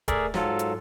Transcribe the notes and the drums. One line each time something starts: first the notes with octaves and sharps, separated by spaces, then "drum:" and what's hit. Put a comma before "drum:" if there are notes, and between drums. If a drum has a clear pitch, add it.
A3 G#4 A#4 D5 E5, drum: kick, hi-hat
G#2 F#3 F4 A4, drum: snare
drum: hi-hat